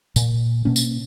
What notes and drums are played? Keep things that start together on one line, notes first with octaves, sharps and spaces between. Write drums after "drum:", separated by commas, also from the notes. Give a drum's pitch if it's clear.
A#2, drum: tambourine
B2 A#3 C#4
drum: tambourine